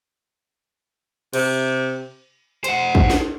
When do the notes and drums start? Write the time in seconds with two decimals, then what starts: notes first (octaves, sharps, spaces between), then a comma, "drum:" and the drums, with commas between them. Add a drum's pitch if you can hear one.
1.33 C3, drum: cymbal
2.64 C5 F#5, drum: hi-hat
2.95 drum: kick
3.10 drum: snare